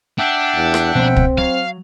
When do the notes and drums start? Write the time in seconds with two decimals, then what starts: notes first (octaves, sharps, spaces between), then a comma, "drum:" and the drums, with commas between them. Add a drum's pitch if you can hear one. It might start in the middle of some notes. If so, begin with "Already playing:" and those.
0.19 D4 E5 F#5 G5
0.55 E2
0.74 drum: rim click
0.95 B2 F3 A#3 C4
1.17 drum: kick
1.38 F#3 F5